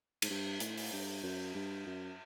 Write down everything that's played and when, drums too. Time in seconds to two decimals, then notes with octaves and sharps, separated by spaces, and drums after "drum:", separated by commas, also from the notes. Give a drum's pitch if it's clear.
0.22 G#2, drum: cymbal
0.30 G2
0.60 A2, drum: hi-hat
0.77 drum: open hi-hat
0.93 G2
1.23 F#2
1.55 G2
1.86 F#2